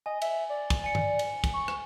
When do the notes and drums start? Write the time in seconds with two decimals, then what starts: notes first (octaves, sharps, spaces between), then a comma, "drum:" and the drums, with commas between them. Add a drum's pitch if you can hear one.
0.06 D#5 G#5
0.22 E5, drum: cymbal
0.50 D5
0.70 drum: kick, cymbal
0.84 G#5 C#7
0.95 drum: tom G2
1.19 drum: cymbal
1.44 drum: kick, cymbal
1.54 C#6
1.68 drum: rim click